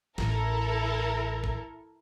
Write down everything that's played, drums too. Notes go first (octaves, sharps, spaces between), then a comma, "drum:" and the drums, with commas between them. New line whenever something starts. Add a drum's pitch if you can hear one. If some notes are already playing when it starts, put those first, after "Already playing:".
A1 E4 A4 A#4, drum: snare
drum: kick